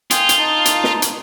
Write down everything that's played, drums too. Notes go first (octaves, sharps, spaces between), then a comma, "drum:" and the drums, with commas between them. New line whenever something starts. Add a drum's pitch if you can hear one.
F4 G5 G#5 D#6, drum: hi-hat
drum: hi-hat
D#4 A5
drum: hi-hat
drum: snare
drum: hi-hat